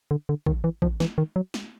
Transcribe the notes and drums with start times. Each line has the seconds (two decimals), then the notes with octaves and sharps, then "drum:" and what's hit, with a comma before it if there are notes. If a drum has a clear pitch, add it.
0.11 D3
0.29 D3
0.46 D#3, drum: kick
0.64 E3
0.82 F3, drum: kick
1.00 E3, drum: snare
1.18 D#3
1.36 F#3
1.54 drum: snare